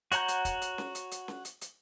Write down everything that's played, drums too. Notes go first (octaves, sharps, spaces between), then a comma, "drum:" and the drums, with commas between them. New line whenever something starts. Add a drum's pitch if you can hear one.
F#4 C#5 F#5 A#5 G6, drum: hi-hat
drum: hi-hat
drum: kick, hi-hat
drum: hi-hat
drum: snare C#4
drum: hi-hat
drum: hi-hat
drum: snare C#4
drum: hi-hat
drum: hi-hat